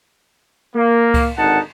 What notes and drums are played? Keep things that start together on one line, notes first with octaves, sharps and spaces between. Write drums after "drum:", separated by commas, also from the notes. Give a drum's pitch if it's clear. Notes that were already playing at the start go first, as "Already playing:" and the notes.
A#3
drum: kick C#2, cymbal
G#1 D3 D#4 F#5 A5